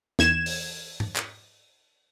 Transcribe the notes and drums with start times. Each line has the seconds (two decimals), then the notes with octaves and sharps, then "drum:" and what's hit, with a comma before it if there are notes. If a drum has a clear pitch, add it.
0.19 E2 G#6 E7, drum: snare
0.46 drum: open hi-hat
1.00 drum: tom
1.16 drum: clap